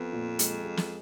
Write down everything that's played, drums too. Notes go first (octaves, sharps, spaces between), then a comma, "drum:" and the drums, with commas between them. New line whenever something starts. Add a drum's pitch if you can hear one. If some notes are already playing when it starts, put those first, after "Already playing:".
Already playing: F2 B3
A#2
G#3, drum: hi-hat
G#3
drum: snare